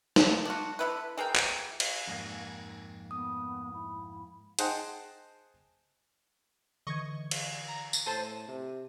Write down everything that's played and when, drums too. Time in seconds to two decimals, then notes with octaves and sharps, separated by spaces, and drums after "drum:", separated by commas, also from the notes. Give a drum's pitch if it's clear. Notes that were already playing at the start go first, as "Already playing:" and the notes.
0.16 B3, drum: snare
0.45 D4 F4 F#4
0.79 D3 E4 B4
1.18 E3 G#4 A#4 G5
1.35 drum: clap
1.80 drum: cymbal
2.08 F2 G#2 A#3
3.11 B3 D#6
3.73 E4
4.59 G#4 C5 D#5 F#5 G5 A5, drum: hi-hat
6.87 D3 E3 D#5 C#6 G#6
7.31 drum: cymbal
7.68 A#5
7.93 drum: tambourine
8.06 A2 A4 C5 A5 D#7
8.48 C3